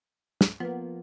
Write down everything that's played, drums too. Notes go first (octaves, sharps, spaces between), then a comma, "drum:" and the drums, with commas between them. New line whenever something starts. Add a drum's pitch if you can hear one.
drum: snare
F3 A#3 B3